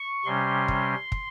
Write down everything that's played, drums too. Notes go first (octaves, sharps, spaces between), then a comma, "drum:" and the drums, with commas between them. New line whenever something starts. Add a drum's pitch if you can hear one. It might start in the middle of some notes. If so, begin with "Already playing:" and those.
Already playing: C#6
C3 G3 C#4 C6
drum: kick
drum: kick